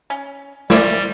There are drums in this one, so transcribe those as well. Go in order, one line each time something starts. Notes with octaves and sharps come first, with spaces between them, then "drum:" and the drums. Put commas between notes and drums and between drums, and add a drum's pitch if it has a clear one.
C#4
G3 E4 C5 D5, drum: snare